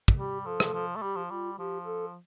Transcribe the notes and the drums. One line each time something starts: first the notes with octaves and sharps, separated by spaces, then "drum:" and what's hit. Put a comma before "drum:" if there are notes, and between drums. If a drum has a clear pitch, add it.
drum: kick
G3 G4
F3 A4
drum: rim click
F3
A3
G3 G4
F3
G3 F4
F3 G4
A4